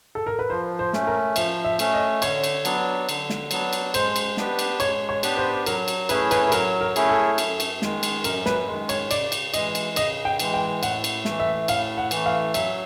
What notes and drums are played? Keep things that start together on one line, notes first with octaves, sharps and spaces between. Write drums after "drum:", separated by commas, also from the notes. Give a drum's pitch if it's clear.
A4
A#4
B4
F3 C5
C5
A3 C#4, drum: snare
A#4
F3 E5, drum: cymbal
E5
A3 C#4, drum: cymbal
D#5
D3 C#5, drum: cymbal
drum: cymbal
F#3 B3 D4, drum: cymbal
D3, drum: cymbal
drum: snare
F#3 B3 D4, drum: cymbal
drum: cymbal
G#3 C5, drum: cymbal
drum: cymbal
B3 D4 G4 B4, drum: snare
drum: cymbal
G#3 C#5, drum: cymbal
C#5
B3 D4 G4 B4, drum: cymbal
C5
F#3 A#4, drum: cymbal
drum: cymbal
A3 C#4 E4 G#4 B4, drum: cymbal
B4, drum: cymbal
B4
F#3 A#4, drum: cymbal
A#4
A3 C#4 E4 G#4, drum: cymbal
A4
F#2, drum: cymbal
drum: cymbal
D#3 G#3, drum: snare
drum: cymbal
F#2 A#4, drum: cymbal
B4, drum: snare
D#3 G#3
C#5, drum: cymbal
C#3 D5, drum: cymbal
drum: cymbal
E3 G#3 D#5, drum: cymbal
drum: cymbal
C#3 D#5, drum: cymbal
G5
E3 G#3, drum: cymbal
G5
A2 F#5, drum: cymbal
drum: cymbal
E3 A3, drum: snare
E5
A2 F5, drum: cymbal
F#5
E3 A3, drum: cymbal
F5
F#3 E5, drum: cymbal